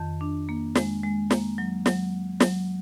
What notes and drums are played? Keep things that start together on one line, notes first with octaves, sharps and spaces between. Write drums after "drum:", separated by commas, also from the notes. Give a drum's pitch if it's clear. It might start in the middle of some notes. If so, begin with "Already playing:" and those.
Already playing: F2 D#3
D4
A#3
G#3, drum: snare
G#3
A#3, drum: snare
F#3
F#3, drum: snare
F#3, drum: snare